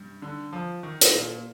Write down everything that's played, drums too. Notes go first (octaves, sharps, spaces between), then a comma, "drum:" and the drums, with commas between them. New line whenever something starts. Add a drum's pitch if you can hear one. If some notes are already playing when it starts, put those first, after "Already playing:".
Already playing: G2
D3
F3
D#3
drum: hi-hat
A#2